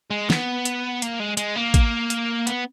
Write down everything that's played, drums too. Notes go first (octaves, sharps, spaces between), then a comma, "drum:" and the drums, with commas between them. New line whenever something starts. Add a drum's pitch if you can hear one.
G#3
B3, drum: snare
drum: hi-hat
A#3, drum: hi-hat
G#3
G#3, drum: hi-hat
A#3
drum: kick A1, hi-hat
drum: hi-hat
B3, drum: hi-hat